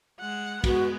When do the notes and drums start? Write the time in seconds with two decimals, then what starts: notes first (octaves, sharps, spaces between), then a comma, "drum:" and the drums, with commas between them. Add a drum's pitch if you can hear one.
0.20 G#3 F#5
0.64 G#3 B3 F#4, drum: kick, cymbal